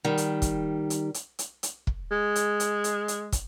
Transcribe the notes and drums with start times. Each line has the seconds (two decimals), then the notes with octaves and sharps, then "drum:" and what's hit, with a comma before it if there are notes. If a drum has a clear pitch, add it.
0.04 D#3 G3
0.18 drum: hi-hat
0.42 drum: kick, hi-hat
0.90 drum: hi-hat
1.14 drum: hi-hat
1.39 drum: hi-hat
1.63 drum: hi-hat
1.87 drum: kick
2.11 G#3
2.36 drum: hi-hat
2.60 drum: hi-hat
2.84 drum: hi-hat
3.08 drum: hi-hat
3.32 drum: kick, hi-hat